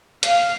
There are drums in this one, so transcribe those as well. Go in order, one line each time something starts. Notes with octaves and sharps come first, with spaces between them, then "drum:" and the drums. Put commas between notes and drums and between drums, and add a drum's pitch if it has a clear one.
F5, drum: hi-hat